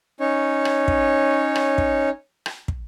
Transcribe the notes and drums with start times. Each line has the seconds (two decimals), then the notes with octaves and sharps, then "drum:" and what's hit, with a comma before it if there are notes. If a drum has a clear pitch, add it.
0.20 C#4 D#4 C#5
0.65 drum: rim click
0.88 drum: kick
1.55 drum: rim click
1.78 drum: kick
2.46 drum: rim click
2.68 drum: kick